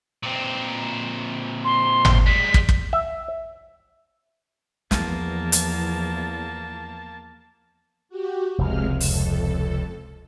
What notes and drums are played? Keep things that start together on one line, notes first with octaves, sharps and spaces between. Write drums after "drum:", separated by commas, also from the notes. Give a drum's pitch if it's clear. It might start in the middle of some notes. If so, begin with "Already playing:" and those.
A#2 C4
C6
drum: tom G#1
G3 G#3 B6
drum: kick
drum: kick
E5
E2 F3 A#3 A5, drum: snare
drum: hi-hat
F#4 G4
F1 C#2 C3 G#3 F6
F2 A4, drum: open hi-hat